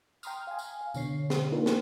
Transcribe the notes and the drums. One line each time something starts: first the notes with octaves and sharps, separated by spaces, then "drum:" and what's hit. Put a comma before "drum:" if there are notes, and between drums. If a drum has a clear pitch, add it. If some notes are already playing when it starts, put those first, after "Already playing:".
G5 A#5 C6 D#6 F6, drum: tambourine
F5 G#5
drum: tambourine
F5
B2 D3 C#5 C7, drum: tambourine
drum: snare
A#3 D4 D#4 F4 A#4 B4
drum: snare